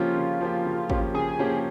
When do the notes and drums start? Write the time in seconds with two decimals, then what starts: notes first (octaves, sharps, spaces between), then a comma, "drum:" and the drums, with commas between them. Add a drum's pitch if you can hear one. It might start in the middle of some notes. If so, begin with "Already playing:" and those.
Already playing: C#3 F3 A#3 C#4 F4 G4
0.17 C#3
0.41 F3 A#3 C#4 G4
0.65 C#3
0.90 F3 A#3 C#4 G4, drum: kick G#1
1.14 C#3 G#4
1.39 F3 A#3 C#4 G4